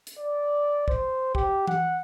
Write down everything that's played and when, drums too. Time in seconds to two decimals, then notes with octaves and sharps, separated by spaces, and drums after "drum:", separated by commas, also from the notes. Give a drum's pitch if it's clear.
0.07 drum: hi-hat
0.18 D5
0.88 C5, drum: kick
1.35 G4, drum: kick
1.67 F#5, drum: tom E3